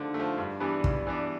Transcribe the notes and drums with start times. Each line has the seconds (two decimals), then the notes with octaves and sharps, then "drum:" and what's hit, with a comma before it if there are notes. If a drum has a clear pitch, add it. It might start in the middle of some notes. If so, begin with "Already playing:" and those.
Already playing: D3 F3 A3
0.14 A3
0.20 F3
0.38 G2
0.60 E3 G3 B3 D4
0.84 G2, drum: kick
1.07 E3 G3 B3 D4